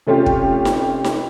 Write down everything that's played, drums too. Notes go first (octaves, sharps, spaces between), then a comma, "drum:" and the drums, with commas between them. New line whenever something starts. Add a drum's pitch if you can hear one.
C3 A3 C#4 F4 G4
drum: kick
drum: snare D#4
drum: snare D#4